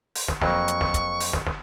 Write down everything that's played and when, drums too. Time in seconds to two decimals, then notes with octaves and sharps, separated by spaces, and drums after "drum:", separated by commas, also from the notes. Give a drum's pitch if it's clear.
0.15 drum: open hi-hat
0.28 drum: snare
0.42 F2 F#3 A#3 C#6, drum: snare
0.68 drum: hi-hat
0.81 drum: snare
0.94 drum: kick, hi-hat
1.20 drum: open hi-hat
1.33 drum: snare
1.47 drum: snare